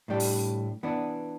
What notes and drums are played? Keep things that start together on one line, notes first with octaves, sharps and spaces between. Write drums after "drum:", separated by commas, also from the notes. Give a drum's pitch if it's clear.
A2 G3 D4 G4
drum: open hi-hat
E3 B3 D4